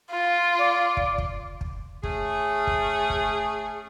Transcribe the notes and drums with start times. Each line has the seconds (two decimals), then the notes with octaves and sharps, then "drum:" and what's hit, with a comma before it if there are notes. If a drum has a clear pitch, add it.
0.11 F4
0.58 D5
0.97 drum: kick
1.18 drum: kick
1.61 drum: kick
2.03 A3 C#4 G#4, drum: kick
2.67 drum: kick
3.10 drum: kick